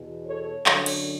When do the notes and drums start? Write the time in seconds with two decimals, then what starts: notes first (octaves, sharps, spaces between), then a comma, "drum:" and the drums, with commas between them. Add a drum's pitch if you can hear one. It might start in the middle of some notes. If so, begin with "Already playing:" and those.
Already playing: E2 B2
0.26 A4 C#5
0.66 F#2 D3 A4 C#5, drum: clap
0.86 drum: cymbal